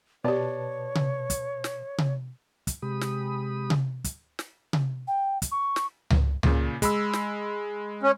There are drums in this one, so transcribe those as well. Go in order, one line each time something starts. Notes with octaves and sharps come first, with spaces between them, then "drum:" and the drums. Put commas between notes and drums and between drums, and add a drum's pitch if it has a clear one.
B2 B3 G4 B4 C#5 D5 A5
drum: tom C3
drum: kick, hi-hat
drum: snare
drum: tom C3
drum: kick, hi-hat
C3 G#3 G4 B5 D#6
drum: snare
drum: tom C3
drum: kick, hi-hat
drum: snare
drum: tom C3
G5
drum: kick, hi-hat
C#6
drum: snare
drum: tom C#2
A#2 C#3, drum: tom C#2
G#3 B5 E6, drum: kick, hi-hat
drum: snare
C#4